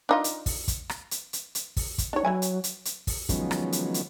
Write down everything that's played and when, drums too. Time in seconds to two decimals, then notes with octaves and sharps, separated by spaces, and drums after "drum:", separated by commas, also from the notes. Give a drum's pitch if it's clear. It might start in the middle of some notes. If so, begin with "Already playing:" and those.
0.09 D4 D#4 F4
0.24 drum: hi-hat
0.46 drum: kick, open hi-hat
0.68 drum: kick, hi-hat
0.89 drum: rim click
1.11 drum: hi-hat
1.33 drum: hi-hat
1.55 drum: hi-hat
1.77 drum: kick, open hi-hat
1.98 drum: kick, hi-hat
2.13 D4 D#4 C#5
2.25 E3 F#3 E4 G#5
2.42 drum: hi-hat
2.64 drum: hi-hat
2.85 drum: hi-hat
3.07 drum: kick, open hi-hat
3.29 D#3 F3 F#3 G#3 B3 C#4, drum: kick, hi-hat
3.51 drum: rim click
3.72 drum: hi-hat
3.94 drum: hi-hat